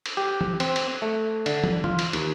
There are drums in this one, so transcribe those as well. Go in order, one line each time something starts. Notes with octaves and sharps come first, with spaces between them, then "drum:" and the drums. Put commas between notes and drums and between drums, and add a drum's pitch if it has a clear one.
drum: cymbal
G4
drum: tom E3
C4, drum: cymbal
drum: cymbal
A3
D3, drum: cymbal
drum: tom
F4, drum: tom E3
drum: cymbal
D#2, drum: cymbal